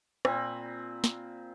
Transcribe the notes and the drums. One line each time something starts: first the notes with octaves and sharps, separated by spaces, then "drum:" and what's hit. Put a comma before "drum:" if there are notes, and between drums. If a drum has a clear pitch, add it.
A#2 C4 G#5 B5, drum: rim click
drum: snare